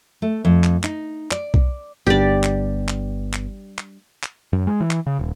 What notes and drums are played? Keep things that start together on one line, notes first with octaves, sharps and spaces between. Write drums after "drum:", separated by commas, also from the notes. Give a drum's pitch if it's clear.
A3
F2
drum: clap
D#4, drum: clap
D5, drum: clap
drum: kick B1
G1 G3 B3 D4 G4 D5
drum: clap
drum: clap
drum: clap
drum: clap
drum: clap
F#2
G#3
E3
drum: clap
C#3
D#1